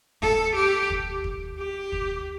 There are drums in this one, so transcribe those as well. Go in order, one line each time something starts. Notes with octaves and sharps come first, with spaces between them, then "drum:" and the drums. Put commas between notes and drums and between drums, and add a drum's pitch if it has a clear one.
A4, drum: kick
G4
drum: kick
drum: kick
G4
drum: kick